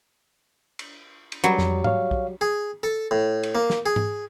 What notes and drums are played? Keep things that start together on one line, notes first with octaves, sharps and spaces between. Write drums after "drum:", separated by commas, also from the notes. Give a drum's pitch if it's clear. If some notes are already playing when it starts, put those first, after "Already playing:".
drum: cymbal
drum: cymbal
F#3 G3
F2, drum: snare
C#5 F5, drum: tom G#2
drum: kick B1
G#4
A4
A2
drum: cymbal
A#3
drum: snare
G#4
drum: tom G#2